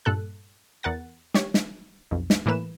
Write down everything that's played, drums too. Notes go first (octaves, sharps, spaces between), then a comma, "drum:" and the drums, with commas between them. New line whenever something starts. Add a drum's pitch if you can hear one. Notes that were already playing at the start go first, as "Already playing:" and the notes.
G2 A#2 A4 F#6
E2 A#4 F#5 A6
G4 C#5, drum: snare
drum: snare
B1 F2
drum: snare
A2 E3 A#3 B4 E7